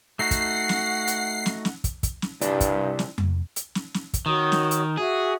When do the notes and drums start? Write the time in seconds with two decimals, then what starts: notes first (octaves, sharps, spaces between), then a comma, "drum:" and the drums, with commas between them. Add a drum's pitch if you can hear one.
0.19 A3 D#4 F#4 F#5 C7
0.31 drum: kick, hi-hat
0.69 drum: snare
1.07 drum: hi-hat
1.46 drum: snare
1.65 drum: snare
1.84 drum: kick, hi-hat
2.03 drum: kick, hi-hat
2.22 drum: snare
2.41 C2 G2 E4 D5, drum: hi-hat
2.60 drum: kick, hi-hat
2.99 drum: snare
3.18 drum: tom F2
3.56 drum: hi-hat
3.75 drum: snare
3.94 drum: snare
4.14 drum: kick, hi-hat
4.26 D#3 F#4 C#5 D#6
4.52 drum: snare
4.71 drum: hi-hat
4.97 F#4 G#4 E5